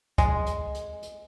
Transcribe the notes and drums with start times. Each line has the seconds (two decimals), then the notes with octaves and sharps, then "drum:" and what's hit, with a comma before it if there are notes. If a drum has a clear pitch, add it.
0.18 G#3, drum: kick, hi-hat
0.46 drum: hi-hat
0.74 drum: hi-hat
1.02 drum: hi-hat